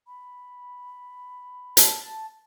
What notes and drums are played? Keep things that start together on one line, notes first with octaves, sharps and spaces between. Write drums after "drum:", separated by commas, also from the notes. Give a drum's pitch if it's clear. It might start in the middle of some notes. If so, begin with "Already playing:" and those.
B5
A5, drum: hi-hat